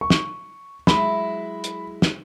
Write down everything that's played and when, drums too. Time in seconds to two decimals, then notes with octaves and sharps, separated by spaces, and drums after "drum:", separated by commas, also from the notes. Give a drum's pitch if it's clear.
0.01 C#6
0.10 drum: snare
0.87 F#3 G#3 E4 B5, drum: snare
1.64 drum: hi-hat
2.02 drum: snare